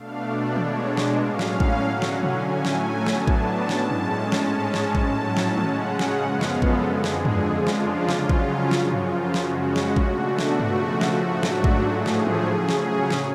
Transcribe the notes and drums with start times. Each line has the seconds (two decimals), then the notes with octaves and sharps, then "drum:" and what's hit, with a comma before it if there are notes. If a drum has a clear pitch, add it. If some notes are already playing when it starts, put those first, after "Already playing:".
Already playing: B2 A3 D4 F5
0.24 D5
0.56 B2 G#3 D4 C#5, drum: tom D#3
0.97 drum: snare
1.18 A2 F#3 C#4 F5
1.39 drum: snare
1.60 drum: kick A1
1.81 D3 F#3 C#4 F#5
2.02 drum: snare
2.12 G#5
2.23 drum: tom B2
2.44 A2 F#3 A3 C#4 G#5
2.65 drum: snare
3.07 A2 F#3 B3 D4 A5, drum: snare
3.27 drum: kick A1
3.69 A2 G#3 C#4, drum: snare
3.90 drum: tom G2
4.32 G#2 G#3 C#4, drum: snare
4.74 drum: snare
4.95 A2 F#3 C#4 A5, drum: kick A1
5.37 drum: snare
5.57 C#3 G#3 C#4 F#5, drum: tom D#3
5.99 drum: snare
6.20 F#2 F3 G#3 B3 F5
6.41 drum: snare
6.52 A4
6.62 drum: kick A1
6.83 F2 D3 G#3 G#4
7.04 drum: snare
7.25 drum: tom G2
7.46 C#3 F3 G#3 D4 F4
7.67 drum: snare
8.09 C#3 F#3 C#4, drum: snare
8.29 drum: kick A1
8.71 F#2 C#3 F3 F#4, drum: snare
8.92 drum: tom G2
9.02 F4
9.34 C#3 G#3 C#4 F#4, drum: snare
9.76 drum: snare
9.96 B2 A3 D4 F#4, drum: kick A1
10.28 F#4
10.39 drum: snare
10.59 C#3 F3 A3, drum: tom G2
11.01 drum: snare
11.22 G#2 F#3 A3 D4
11.43 drum: snare
11.64 drum: kick A1
11.85 A2 F3 A3 G#4
12.06 drum: snare
12.27 drum: tom D#3
12.48 C#3 F#3 C#4 G#4
12.69 drum: snare
13.10 drum: snare